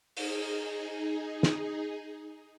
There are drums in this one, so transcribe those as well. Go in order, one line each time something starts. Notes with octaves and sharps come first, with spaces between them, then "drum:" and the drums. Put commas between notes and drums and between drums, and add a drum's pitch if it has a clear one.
D#4 G#4, drum: open hi-hat
drum: snare